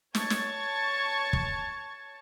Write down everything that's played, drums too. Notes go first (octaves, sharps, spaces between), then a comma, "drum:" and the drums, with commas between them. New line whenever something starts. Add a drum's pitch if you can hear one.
C#5 A5 C#6 G#6 A6, drum: snare
drum: snare
drum: kick